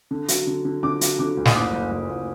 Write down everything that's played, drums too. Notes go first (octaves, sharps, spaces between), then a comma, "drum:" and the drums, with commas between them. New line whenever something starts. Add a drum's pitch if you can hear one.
D3
F#3, drum: hi-hat
D3
D3
D3 D6
F#3, drum: hi-hat
D3 D6
D2
D#6, drum: snare
F#1 D6
F#1
F#1
F#1